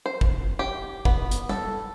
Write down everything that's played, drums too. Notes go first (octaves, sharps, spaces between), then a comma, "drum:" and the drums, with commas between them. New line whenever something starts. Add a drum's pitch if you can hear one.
C5
drum: kick
G4
B3, drum: kick
drum: hi-hat
A4, drum: tom G3